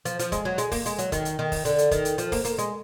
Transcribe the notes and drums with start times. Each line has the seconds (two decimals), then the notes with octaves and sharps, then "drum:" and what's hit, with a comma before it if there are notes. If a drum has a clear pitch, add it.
0.05 F3, drum: hi-hat
0.19 F3, drum: hi-hat
0.32 G#3, drum: kick F1, hi-hat
0.45 F#3
0.58 G#3, drum: hi-hat
0.72 A#3, drum: kick F1, open hi-hat
0.86 G#3, drum: hi-hat
0.98 F#3, drum: hi-hat
1.12 D#3, drum: kick F1, hi-hat
1.25 drum: hi-hat
1.39 D#3
1.52 drum: kick F1, open hi-hat
1.65 D3, drum: hi-hat
1.78 drum: hi-hat
1.91 D#3, drum: kick F1, hi-hat
2.05 drum: hi-hat
2.18 F3, drum: hi-hat
2.32 A#3, drum: kick F1, open hi-hat
2.45 A#3, drum: hi-hat
2.58 G#3, drum: hi-hat